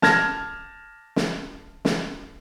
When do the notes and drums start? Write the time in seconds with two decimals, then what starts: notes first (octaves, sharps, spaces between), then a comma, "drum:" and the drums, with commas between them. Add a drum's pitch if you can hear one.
0.02 A5 F6 G#6 A#6, drum: snare
1.16 drum: snare
1.85 drum: snare